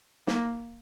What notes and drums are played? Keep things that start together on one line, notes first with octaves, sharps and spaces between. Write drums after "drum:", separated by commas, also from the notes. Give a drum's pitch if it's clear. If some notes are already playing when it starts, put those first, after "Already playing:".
A#3, drum: snare